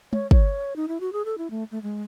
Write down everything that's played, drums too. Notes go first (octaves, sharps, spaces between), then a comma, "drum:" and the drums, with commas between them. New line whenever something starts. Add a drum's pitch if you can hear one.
C#5, drum: tom
C#5, drum: kick
D#4
E4
F#4
G#4
A4
E4
A3
A3
G#3